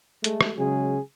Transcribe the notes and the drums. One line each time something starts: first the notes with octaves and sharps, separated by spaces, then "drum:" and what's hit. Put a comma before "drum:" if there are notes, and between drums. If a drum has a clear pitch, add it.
G#3 A3, drum: hi-hat
drum: rim click
C#3 F#3 G#3 G#4